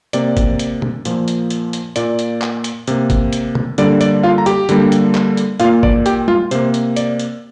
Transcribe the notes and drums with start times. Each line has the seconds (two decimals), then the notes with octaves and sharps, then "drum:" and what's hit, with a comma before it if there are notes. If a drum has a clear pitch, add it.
0.13 C3 A#3 D5, drum: hi-hat
0.37 drum: kick, hi-hat
0.59 drum: hi-hat
0.82 drum: tom B2
1.05 A#2 F3 A#3, drum: hi-hat
1.28 drum: hi-hat
1.50 drum: hi-hat
1.73 drum: hi-hat
1.96 A#2 A#3 D5, drum: hi-hat
2.19 drum: hi-hat
2.42 drum: clap
2.64 drum: hi-hat
2.88 C3 A#3, drum: hi-hat
3.10 drum: kick, hi-hat
3.33 drum: hi-hat
3.55 drum: tom B2
3.78 D3 G3 A#3 D5, drum: hi-hat
4.01 D5, drum: hi-hat
4.23 F4 F5
4.38 A#5
4.46 G4 G5, drum: hi-hat
4.69 D3 G3 A#3, drum: hi-hat
4.92 drum: hi-hat
5.15 drum: clap
5.37 drum: hi-hat
5.60 A#2 F4 F5, drum: hi-hat
5.65 A#3
5.83 D5, drum: kick
6.06 G4 G5, drum: hi-hat
6.28 F4 F5, drum: tom G3
6.51 C3 A#3 C5, drum: hi-hat
6.74 drum: hi-hat
6.96 D5, drum: hi-hat
7.19 drum: hi-hat